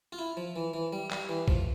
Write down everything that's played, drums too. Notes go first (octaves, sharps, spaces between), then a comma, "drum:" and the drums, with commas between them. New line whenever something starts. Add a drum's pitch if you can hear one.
F4
E4
F3
E3
E3
G3
G3, drum: clap
E3
F3, drum: kick A#1